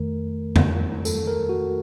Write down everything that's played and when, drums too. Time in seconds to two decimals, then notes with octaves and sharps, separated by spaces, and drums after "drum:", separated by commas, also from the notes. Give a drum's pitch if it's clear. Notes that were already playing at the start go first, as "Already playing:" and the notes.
Already playing: F2 D#3 A3 A#4
0.56 drum: tom F2
1.05 A4, drum: tambourine
1.27 A#4
1.49 F#4